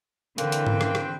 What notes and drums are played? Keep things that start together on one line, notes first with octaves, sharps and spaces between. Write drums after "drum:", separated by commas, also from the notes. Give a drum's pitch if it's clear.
D3 E3 A#3 C4 B4 G5, drum: hi-hat
drum: hi-hat
drum: tom G#2
drum: rim click
drum: rim click